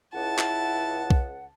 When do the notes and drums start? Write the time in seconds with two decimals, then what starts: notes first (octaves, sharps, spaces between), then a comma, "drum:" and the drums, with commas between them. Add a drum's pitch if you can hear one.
0.14 C#2 E4 F#5 A5
0.38 drum: clap
1.10 drum: kick B1